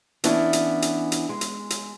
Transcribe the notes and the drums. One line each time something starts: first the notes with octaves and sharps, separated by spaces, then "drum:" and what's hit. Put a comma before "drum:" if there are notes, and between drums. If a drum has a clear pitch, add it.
E3 B3 C#4 D4 E4, drum: hi-hat
drum: hi-hat
drum: hi-hat
drum: hi-hat
G#3
drum: hi-hat
drum: hi-hat